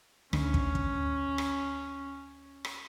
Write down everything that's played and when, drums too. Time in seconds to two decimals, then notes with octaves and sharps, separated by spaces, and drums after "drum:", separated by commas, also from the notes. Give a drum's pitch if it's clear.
0.33 D2 C#4, drum: rim click
0.54 drum: kick
0.75 drum: kick
1.38 drum: rim click
2.65 drum: rim click